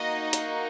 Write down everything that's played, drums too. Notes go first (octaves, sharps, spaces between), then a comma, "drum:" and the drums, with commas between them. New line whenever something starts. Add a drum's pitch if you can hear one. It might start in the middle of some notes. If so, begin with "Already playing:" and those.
Already playing: A#3 D#4 F#4 D#5
drum: hi-hat